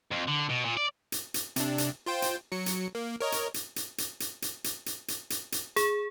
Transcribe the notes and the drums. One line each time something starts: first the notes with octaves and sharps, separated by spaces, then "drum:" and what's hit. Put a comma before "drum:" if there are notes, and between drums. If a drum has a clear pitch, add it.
F2
D3
B2
A#2
D5
drum: hi-hat
drum: hi-hat
C3 D4, drum: hi-hat
drum: hi-hat
F4 C5 G5
drum: hi-hat
F#3 C#7
drum: hi-hat
A#3
A#4 C#5 D#5
drum: hi-hat
drum: hi-hat
drum: hi-hat
drum: hi-hat
drum: hi-hat
drum: hi-hat
drum: hi-hat
drum: hi-hat
drum: hi-hat
drum: hi-hat
drum: hi-hat
G#4, drum: hi-hat